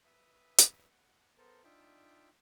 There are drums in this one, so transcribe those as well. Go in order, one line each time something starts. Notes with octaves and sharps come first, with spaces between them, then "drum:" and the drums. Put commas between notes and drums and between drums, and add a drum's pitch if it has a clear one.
B4 E5 D#6
drum: hi-hat
F#5
B3 A4 A#4 C5 A5
D4 D#4 F4 E5 G5